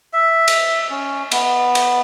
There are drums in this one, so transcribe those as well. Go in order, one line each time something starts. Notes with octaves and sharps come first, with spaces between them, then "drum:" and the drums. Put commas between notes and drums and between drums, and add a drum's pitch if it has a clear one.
E5
drum: cymbal
C#4
B3, drum: cymbal
drum: cymbal